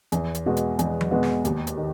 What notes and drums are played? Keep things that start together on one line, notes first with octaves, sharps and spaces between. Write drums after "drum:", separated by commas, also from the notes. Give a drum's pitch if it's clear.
E2, drum: hi-hat
drum: hi-hat
B2 G#3 B3 F#4
drum: hi-hat
E2, drum: hi-hat
drum: tom F3
B2 G#3 B3 F#4
drum: snare
D#2, drum: hi-hat
drum: hi-hat
D#3